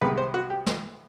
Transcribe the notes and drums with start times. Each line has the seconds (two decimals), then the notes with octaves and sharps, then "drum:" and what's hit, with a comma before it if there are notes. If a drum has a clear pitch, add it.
0.01 C2 C3 D#3 G#3 B3 B4
0.17 C5
0.34 F#4
0.50 G4
0.66 drum: snare